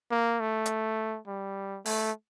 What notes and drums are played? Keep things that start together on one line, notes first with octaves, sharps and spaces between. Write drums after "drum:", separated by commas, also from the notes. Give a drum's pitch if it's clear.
A#3
A3
drum: hi-hat
G3
A3, drum: open hi-hat